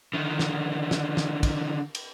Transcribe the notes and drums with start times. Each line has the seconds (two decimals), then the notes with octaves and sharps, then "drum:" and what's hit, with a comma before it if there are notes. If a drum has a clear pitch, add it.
0.14 D3 D#3
0.39 drum: snare
0.91 drum: snare
1.17 drum: snare
1.43 drum: kick, cymbal
1.95 drum: cymbal